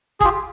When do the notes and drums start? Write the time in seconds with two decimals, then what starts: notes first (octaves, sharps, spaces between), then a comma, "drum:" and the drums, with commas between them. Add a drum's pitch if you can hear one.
0.21 G#4, drum: kick G1
0.24 F4 G4